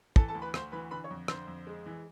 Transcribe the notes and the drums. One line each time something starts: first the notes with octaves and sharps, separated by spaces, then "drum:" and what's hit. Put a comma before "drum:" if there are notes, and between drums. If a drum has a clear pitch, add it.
E3 A4 A5, drum: kick
A4 A5
D2
B4 B5
D2 C5 C6, drum: rim click
E3 B4 B5
D3 B4 B5
C#5 C#6
F2
D3 C5 C6, drum: rim click
F2
G#3
E3